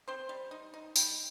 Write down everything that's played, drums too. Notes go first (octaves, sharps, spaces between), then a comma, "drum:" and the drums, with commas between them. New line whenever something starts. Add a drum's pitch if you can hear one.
C4 C5 C6
G3
D#4
D#4
G3, drum: tambourine